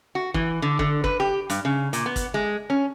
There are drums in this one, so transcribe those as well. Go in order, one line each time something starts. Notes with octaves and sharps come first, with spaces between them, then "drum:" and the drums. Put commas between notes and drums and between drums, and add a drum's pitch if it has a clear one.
F#4
E3, drum: kick
D3
D3, drum: kick
B4, drum: kick
G4
G2, drum: hi-hat
C#3
A#2, drum: hi-hat
B3
drum: kick, hi-hat
G#3
C#4